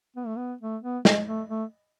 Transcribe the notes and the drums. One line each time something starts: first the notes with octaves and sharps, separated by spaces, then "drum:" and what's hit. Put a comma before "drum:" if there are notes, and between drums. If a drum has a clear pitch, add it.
B3
A3
B3
A3
B3
G#3, drum: snare
A3
A3